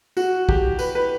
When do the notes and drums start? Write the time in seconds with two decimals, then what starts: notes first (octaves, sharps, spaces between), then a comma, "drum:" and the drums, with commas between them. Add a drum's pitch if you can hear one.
0.17 F#4, drum: tambourine
0.49 G4, drum: kick
0.79 B4, drum: tambourine
0.95 B4